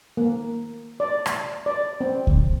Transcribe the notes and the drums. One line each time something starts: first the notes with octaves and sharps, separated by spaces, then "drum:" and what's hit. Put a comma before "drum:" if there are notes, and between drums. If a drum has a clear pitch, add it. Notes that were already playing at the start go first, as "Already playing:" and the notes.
A#3
D5
drum: rim click
D5
C4
drum: kick C#2